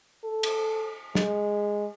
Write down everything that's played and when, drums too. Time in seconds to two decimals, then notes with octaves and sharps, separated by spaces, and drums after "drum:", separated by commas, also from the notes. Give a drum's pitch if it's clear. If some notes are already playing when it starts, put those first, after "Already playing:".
0.24 A4
0.43 drum: cymbal
1.15 G#3, drum: snare